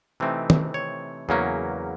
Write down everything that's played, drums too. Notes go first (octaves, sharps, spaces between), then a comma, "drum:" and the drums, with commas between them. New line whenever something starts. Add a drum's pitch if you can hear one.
C3 E3 A3 C4 D#4
drum: tom D#3
C#5
E2 C#3 F#3 A#3 C#4